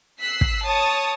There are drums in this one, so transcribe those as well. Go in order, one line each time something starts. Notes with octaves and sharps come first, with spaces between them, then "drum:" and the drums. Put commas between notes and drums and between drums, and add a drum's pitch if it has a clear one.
E6 F#6 B6 C7
drum: kick
C#5 A5 D#6